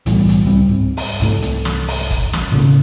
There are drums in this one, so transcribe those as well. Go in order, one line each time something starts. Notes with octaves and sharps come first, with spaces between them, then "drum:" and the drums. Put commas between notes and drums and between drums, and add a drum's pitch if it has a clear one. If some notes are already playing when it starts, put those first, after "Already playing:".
B1 A2 E3 G3, drum: hi-hat
drum: hi-hat
C#2 G3 C4
G#2
drum: open hi-hat
C2 G#2 A3, drum: hi-hat
drum: hi-hat
drum: snare
drum: open hi-hat
drum: kick, hi-hat
drum: snare
A2 C#3 A#3